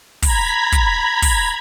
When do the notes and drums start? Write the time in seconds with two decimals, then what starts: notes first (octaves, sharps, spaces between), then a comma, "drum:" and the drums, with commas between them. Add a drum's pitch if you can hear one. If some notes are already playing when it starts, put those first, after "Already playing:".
0.23 A#5 B5 G#6 B6, drum: kick, open hi-hat
0.72 drum: kick, hi-hat
1.22 drum: kick, open hi-hat